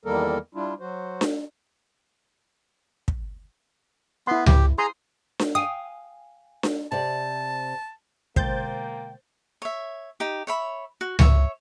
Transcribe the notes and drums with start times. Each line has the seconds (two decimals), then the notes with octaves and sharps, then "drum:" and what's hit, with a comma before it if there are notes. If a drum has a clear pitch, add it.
0.05 E2 D#3 G3 A#3 A4 A#4
0.55 G3 D4 E4 F4
0.80 F#3 F#4 C5
1.21 drum: snare D4
3.08 drum: kick
4.27 B3 E4 C6
4.46 G4, drum: tom C#2
4.78 G#4 A#5 C6 D#6
5.39 drum: snare D4
5.55 F5 G5 G#5 D#6
6.63 drum: snare D4
6.92 C3 D5 A5
8.36 B2 D3 G#3 A#3 C5 G5 G6 A6, drum: kick
9.62 C#5 E5
10.20 D#4 G4
10.47 C#5 E5 B5
11.01 F#4
11.19 C#5 E5, drum: tom C#2